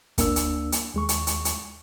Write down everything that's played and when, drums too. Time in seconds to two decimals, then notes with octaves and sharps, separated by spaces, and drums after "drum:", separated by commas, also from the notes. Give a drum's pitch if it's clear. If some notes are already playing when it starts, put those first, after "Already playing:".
0.18 D2 A#3 D4 E6, drum: kick, hi-hat
0.36 drum: hi-hat
0.72 drum: hi-hat
0.94 D#2 G#3 C#6
1.09 drum: hi-hat
1.27 drum: hi-hat
1.45 drum: hi-hat